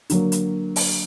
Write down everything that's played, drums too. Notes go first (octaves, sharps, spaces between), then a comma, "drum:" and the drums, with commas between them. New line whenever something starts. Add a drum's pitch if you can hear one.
D3 F#3 A#3, drum: hi-hat
drum: hi-hat
drum: open hi-hat